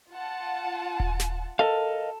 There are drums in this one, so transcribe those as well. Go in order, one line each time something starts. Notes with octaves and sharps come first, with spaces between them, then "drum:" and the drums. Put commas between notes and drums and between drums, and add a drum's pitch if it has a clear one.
F4 F#5 A5
drum: kick D#1
drum: snare
A4 A#4 D#5 F5